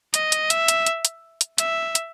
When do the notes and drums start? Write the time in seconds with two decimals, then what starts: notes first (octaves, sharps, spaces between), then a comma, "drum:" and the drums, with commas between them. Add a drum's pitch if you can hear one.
0.14 D#5, drum: hi-hat
0.32 drum: hi-hat
0.50 E5, drum: hi-hat
0.68 drum: hi-hat
0.86 drum: hi-hat
1.05 drum: hi-hat
1.41 drum: hi-hat
1.58 E5, drum: hi-hat
1.95 drum: hi-hat